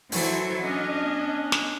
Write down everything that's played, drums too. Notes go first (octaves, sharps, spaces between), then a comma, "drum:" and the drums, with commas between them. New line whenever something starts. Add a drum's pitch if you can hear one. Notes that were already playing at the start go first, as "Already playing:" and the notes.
E3 F#3 E4 A4 C5, drum: open hi-hat
C#4 D4 D#5
B3
drum: snare